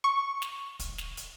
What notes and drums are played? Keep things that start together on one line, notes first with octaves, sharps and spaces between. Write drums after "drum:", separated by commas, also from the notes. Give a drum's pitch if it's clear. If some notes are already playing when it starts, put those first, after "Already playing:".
C#6
drum: snare
drum: kick, hi-hat
drum: snare
drum: hi-hat